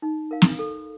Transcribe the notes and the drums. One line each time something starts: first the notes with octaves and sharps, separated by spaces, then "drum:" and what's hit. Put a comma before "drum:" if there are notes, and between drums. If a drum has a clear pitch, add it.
D#4
A#4 F5
drum: snare
A4